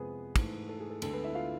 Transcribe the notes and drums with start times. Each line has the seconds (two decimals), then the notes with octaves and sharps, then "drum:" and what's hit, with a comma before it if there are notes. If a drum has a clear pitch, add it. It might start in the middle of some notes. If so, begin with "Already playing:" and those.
Already playing: F2 C3 G#3 B3 G#4 B4
0.36 G#2 E3 A3, drum: kick, cymbal
0.69 A4
0.80 G#4
0.90 A4
1.02 D2 D3 G#3 A4, drum: cymbal
1.13 B3 B4
1.24 E4 E5
1.35 F4 F5